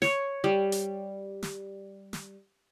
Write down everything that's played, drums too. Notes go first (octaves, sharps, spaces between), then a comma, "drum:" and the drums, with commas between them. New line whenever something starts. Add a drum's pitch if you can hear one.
C#5, drum: snare
G3
drum: hi-hat
drum: snare
drum: snare